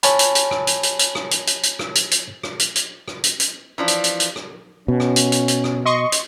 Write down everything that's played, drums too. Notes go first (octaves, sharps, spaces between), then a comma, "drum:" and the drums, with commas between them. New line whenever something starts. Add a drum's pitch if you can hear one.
C#5 G#5 A5 B5, drum: hi-hat
drum: hi-hat
drum: hi-hat
drum: rim click
drum: hi-hat
drum: hi-hat
drum: hi-hat
drum: rim click
drum: hi-hat
drum: hi-hat
drum: hi-hat
drum: rim click
drum: hi-hat
drum: hi-hat
drum: rim click
drum: hi-hat
drum: hi-hat
drum: rim click
drum: hi-hat
drum: hi-hat
E3 F3 D4
drum: hi-hat
drum: hi-hat
drum: hi-hat
drum: rim click
B2 C#4
drum: rim click
drum: hi-hat
drum: hi-hat
drum: hi-hat
drum: rim click
D#5 C6 C#6
drum: hi-hat